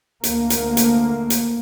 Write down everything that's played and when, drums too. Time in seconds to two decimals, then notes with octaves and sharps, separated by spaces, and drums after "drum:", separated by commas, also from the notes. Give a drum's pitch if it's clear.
0.24 D2 A#3, drum: hi-hat
0.50 drum: hi-hat
0.77 drum: hi-hat
1.30 drum: hi-hat